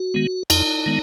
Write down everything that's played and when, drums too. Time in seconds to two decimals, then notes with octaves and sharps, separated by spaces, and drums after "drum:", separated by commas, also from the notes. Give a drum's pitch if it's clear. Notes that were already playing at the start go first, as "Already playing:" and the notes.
Already playing: F#4
0.14 D#3 G#3 B3
0.50 F2 D#4, drum: cymbal
0.86 D#3 G#3 B3